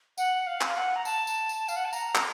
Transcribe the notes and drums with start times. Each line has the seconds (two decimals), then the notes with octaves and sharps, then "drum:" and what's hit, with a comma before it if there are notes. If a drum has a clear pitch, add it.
0.18 F#5, drum: tambourine
0.47 F5
0.61 drum: clap
0.76 F#5
0.96 A#5
1.05 A5, drum: tambourine
1.27 drum: tambourine
1.49 drum: tambourine
1.68 F5, drum: tambourine
1.76 F#5
1.85 A5
1.93 A#5, drum: tambourine
2.15 drum: clap